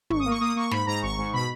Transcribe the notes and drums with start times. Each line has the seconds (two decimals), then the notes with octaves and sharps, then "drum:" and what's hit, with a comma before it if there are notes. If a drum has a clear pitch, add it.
0.10 G#1 C#6, drum: tom
0.19 D#6
0.25 A#3
0.31 C#6
0.41 A#3 D#6
0.56 A#3 C#6
0.71 G#2 B5, drum: snare
0.87 G#2 A#5
1.02 G#1 C#6
1.18 G#2
1.33 B2 B5